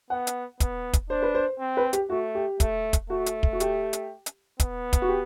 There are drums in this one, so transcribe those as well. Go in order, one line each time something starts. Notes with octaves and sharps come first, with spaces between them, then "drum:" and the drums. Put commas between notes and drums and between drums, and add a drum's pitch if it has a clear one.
B3 F#5
drum: hi-hat
B3, drum: kick, hi-hat
drum: kick, hi-hat
D4 C5
B4
C5
C4
B4
G4, drum: hi-hat
A3 F#4
G4
A3, drum: kick, hi-hat
drum: kick, hi-hat
A3 F#4
drum: hi-hat
drum: kick
F#4
G4, drum: hi-hat
drum: hi-hat
drum: hi-hat
B3, drum: kick, hi-hat
drum: kick, hi-hat
F#4
G4